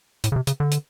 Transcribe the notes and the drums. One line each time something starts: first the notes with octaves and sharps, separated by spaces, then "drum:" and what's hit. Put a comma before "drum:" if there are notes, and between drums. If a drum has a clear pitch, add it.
A2, drum: hi-hat
C#3
C3
C#3, drum: hi-hat
D3
drum: hi-hat